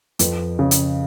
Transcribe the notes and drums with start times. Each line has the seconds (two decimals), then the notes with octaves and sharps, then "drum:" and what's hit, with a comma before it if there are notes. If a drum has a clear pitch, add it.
0.19 F2 B4, drum: hi-hat
0.59 C#3
0.71 drum: hi-hat